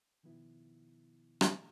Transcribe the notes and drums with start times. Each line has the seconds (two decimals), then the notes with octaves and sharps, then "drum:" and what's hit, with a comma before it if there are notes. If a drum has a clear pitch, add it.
0.23 B2 D#3 F3 B3 E4
1.41 drum: rim click